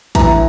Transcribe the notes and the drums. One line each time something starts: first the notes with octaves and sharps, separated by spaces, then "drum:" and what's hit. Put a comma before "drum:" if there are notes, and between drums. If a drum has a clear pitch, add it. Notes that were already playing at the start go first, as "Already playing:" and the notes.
E3 A#5, drum: kick, hi-hat